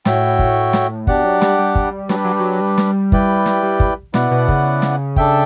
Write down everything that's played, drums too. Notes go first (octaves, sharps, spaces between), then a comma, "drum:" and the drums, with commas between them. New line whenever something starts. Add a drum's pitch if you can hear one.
A2 F#4 C#5 E5 G5, drum: snare
drum: kick
drum: snare
B2 D4 G4 D5 F#5, drum: kick
F#3
G3, drum: snare
G3
drum: kick
F#3 D4 G4 B4, drum: snare
G3
F#3
G3
F#3
G3
drum: snare
E4 B4 D5 G5, drum: kick
drum: snare
G3
drum: kick
B2 B3 E4 B4 D5 F#5, drum: snare
B2
C#3, drum: kick
drum: snare
D4 A4 E5 G5, drum: kick